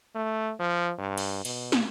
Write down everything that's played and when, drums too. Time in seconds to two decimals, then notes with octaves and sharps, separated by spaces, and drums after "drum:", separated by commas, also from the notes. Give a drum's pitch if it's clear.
0.15 A3
0.59 F3
0.98 G2
1.17 drum: cymbal
1.45 B2, drum: cymbal
1.72 drum: snare